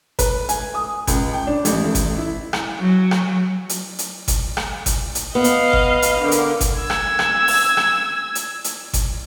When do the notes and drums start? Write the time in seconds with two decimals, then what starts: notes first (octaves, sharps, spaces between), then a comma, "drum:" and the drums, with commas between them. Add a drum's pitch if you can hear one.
0.19 B4, drum: kick G1, hi-hat
0.49 G#5, drum: hi-hat
0.74 D#6
1.07 C#2, drum: kick G1, hi-hat
1.33 G5
1.47 D4
1.65 A1, drum: hi-hat
1.84 A1
1.95 drum: kick G1, hi-hat
2.17 E4
2.53 drum: rim click
2.79 F#3
3.11 drum: rim click
3.69 drum: hi-hat
3.99 drum: hi-hat
4.28 drum: kick G1, hi-hat
4.57 drum: rim click
4.86 drum: kick G1, hi-hat
5.15 drum: hi-hat
5.35 B3 D#5 F5
5.44 drum: hi-hat
5.73 drum: kick G1
6.02 drum: hi-hat
6.21 D3 A#4
6.31 drum: hi-hat
6.61 drum: kick G1, hi-hat
6.80 E6 G#6
6.90 drum: rim click
7.19 drum: rim click
7.48 drum: open hi-hat
7.77 drum: rim click
8.35 drum: hi-hat
8.64 drum: hi-hat
8.93 drum: kick G1, hi-hat